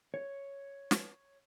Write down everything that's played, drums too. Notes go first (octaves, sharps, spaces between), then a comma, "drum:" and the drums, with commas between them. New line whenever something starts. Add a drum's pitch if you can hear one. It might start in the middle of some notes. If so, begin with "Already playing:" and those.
C#5
drum: snare